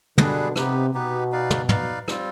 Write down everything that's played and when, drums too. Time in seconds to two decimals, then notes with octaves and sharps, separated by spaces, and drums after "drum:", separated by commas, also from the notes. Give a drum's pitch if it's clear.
0.18 B2 D3 G3 D4 G#4 B4, drum: tom
0.56 C3 B3 D#4 G4 B4, drum: rim click
0.94 B2 B3 D#4 G4 B4
1.32 D#4 B4 D5 F5
1.50 drum: tom
1.69 D#4 B4 D5 F5, drum: tom
2.08 G3 C4 F4, drum: rim click